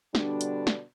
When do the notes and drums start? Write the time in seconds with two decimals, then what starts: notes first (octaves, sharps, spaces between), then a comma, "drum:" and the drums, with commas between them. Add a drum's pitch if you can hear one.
0.15 B2 D3 G3 D4, drum: snare
0.41 drum: hi-hat
0.67 drum: snare